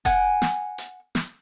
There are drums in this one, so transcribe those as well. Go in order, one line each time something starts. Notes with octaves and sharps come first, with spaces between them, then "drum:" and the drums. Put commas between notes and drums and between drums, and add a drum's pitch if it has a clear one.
F#5 G#5, drum: kick F1, hi-hat
drum: snare
drum: hi-hat
drum: snare